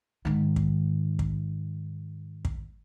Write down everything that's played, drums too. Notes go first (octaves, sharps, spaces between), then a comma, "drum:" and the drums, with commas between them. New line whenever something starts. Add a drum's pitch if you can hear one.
G#2 D#3
drum: kick
drum: kick
drum: kick